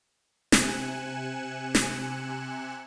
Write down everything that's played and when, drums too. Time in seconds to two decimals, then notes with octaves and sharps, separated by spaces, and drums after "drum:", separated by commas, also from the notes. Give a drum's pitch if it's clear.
0.52 C3 G#5 F#6 C#7 E7, drum: snare
1.75 drum: snare